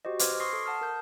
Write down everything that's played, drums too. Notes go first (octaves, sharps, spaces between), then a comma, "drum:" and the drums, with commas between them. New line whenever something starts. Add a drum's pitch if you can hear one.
F#4 G4 C5 D#5
B4 C5 C6 D6 F6 G#6, drum: hi-hat
C6 C#6 D#6 A#6 C7
A4
F#5 A5 D#6 F6
A#4 G6